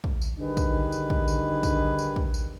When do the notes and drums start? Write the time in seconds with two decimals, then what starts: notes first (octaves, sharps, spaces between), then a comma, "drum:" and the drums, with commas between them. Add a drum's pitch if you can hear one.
0.04 drum: kick
0.22 drum: tambourine
0.39 D3 D#3 G3 D#4 G#4 B4
0.57 drum: kick, tambourine
0.92 drum: tambourine
1.10 drum: kick
1.28 drum: tambourine
1.63 drum: kick, tambourine
1.99 drum: tambourine
2.16 drum: kick
2.34 drum: tambourine